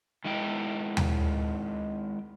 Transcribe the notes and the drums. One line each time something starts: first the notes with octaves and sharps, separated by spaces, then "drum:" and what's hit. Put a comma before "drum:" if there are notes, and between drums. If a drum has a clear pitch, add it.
D#3 G#3 E4 G5
drum: tom D#2